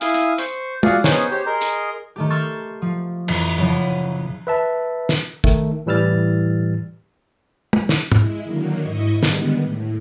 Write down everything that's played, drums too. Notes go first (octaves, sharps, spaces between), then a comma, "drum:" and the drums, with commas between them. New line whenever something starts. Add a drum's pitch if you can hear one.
E4 F5 G#5 D#6 F6, drum: hi-hat
drum: hi-hat
C5 C#6, drum: hi-hat
F4 F#4 G#4 D5 F5 F#5, drum: tom
B3 C#4 D#4 G#4 C5 C#5, drum: snare
G4 C5 C#5
G#4 A#4 D#5 A#5 C6
drum: hi-hat
D#3 A3 G4
C6 C#6 E6 F6 G6 A6
F3
A#1 F2 E3, drum: cymbal
F#1 C#3 F3
B4 E5 A5
drum: snare
D#3 A3, drum: kick
A2 E3 G3 E6 F6 A6
drum: tom
drum: snare
G#3 E4, drum: tom
D3 D#3 F#3 A#3
G#2 E4 D#5 C#6
D3 D#3 G3 G#3 B3, drum: snare
A2